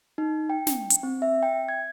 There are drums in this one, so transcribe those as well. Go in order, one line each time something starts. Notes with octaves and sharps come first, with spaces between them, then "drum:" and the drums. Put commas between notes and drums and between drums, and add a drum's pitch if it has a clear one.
D#4
G5
drum: snare
drum: hi-hat
C4
E5
G5
G#6